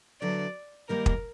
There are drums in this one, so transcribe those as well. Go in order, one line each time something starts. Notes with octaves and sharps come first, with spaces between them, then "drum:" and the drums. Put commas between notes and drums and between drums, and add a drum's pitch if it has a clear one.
D3 F#3 B3 E4 D5
D#3 G3 A#3 D#4 A#4
drum: kick